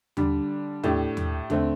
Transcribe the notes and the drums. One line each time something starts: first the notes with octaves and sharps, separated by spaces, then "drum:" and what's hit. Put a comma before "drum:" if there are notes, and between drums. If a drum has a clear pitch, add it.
D3 G3 D4, drum: tom D#2
A2 A3 D4 G4, drum: tom D#2
drum: tom D#2
D3 A3 C4, drum: tom D#2